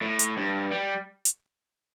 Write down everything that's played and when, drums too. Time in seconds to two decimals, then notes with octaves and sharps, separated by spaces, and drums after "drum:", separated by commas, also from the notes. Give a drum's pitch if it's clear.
0.02 A2
0.19 drum: hi-hat
0.37 G2
0.72 G3
1.25 drum: hi-hat